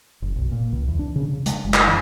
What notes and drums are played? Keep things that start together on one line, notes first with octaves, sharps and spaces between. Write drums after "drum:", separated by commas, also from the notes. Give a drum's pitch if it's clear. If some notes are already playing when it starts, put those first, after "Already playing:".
F#1
B1
A#2
C#2
E2
D4
C#3
C#3
G#3, drum: hi-hat
F#1
drum: clap
E3